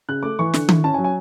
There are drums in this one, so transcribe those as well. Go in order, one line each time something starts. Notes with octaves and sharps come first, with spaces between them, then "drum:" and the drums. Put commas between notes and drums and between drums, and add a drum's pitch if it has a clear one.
C#3 F#6
A3 D6
E3 C#6
D3, drum: snare
E4, drum: tom D#3
C#4 A5
G#5
F#3
G#5